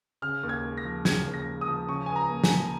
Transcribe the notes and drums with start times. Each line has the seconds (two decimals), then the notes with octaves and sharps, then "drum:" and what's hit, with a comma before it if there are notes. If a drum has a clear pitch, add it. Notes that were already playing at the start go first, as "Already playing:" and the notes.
0.22 C#3 F6
0.43 D#2
0.49 G#6
0.64 G#3
0.77 A#6
0.85 F3
1.05 C#3 G#6, drum: snare
1.26 D#2
1.34 A#6
1.47 G#3
1.61 D#6
1.67 F3
1.88 C#3 C#6
2.06 C#2 G#5
2.16 A#5
2.30 A#3
2.44 G#5, drum: snare
2.51 F3